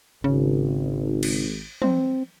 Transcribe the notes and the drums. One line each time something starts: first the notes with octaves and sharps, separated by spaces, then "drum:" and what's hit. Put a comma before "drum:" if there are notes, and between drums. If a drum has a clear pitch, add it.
G#1 C#3
drum: cymbal
C4, drum: tom